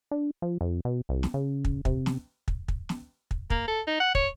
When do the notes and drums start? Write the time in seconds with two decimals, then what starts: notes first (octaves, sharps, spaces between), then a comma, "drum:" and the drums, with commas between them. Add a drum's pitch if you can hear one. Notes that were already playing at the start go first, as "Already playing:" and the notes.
0.11 D4
0.42 F3
0.61 F2
0.85 B2
1.09 C2
1.23 drum: snare
1.34 C#3
1.65 drum: kick
1.85 C3, drum: kick
2.06 drum: snare
2.48 drum: kick
2.68 drum: kick
2.89 drum: snare
3.31 drum: kick
3.50 A#3, drum: kick
3.68 A4
3.87 D#4
4.00 F#5
4.15 C#5, drum: kick